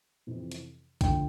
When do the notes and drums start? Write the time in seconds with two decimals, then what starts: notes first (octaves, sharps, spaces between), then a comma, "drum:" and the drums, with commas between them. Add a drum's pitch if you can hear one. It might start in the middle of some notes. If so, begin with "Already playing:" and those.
0.27 F2 C3 E3
0.52 drum: hi-hat
1.01 D2 D3 F3 G5, drum: kick, hi-hat